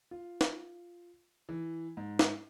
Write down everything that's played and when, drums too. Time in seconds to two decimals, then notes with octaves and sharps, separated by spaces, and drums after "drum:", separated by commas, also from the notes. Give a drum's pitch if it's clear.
0.11 F4
0.41 drum: snare
1.49 E3
1.97 G#2
2.19 drum: snare